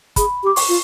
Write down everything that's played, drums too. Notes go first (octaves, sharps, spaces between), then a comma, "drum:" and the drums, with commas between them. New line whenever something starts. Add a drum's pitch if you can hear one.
G#4 B5, drum: kick, hi-hat
G4
D6
C#6, drum: open hi-hat
F4